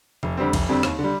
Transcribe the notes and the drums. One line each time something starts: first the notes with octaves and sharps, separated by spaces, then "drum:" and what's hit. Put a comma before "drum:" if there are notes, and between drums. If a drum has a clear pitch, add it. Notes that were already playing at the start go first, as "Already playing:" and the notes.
F1, drum: tom C3
F2 D3 G3 C4
F1, drum: kick B1, cymbal
F2 D3 G3 C4
D#2, drum: rim click
D3
G3